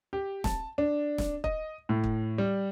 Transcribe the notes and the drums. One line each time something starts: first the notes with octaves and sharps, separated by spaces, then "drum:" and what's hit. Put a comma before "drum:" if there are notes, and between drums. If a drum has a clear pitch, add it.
G4
A5, drum: snare
D4
drum: snare
D#5, drum: kick
A2
drum: kick
G3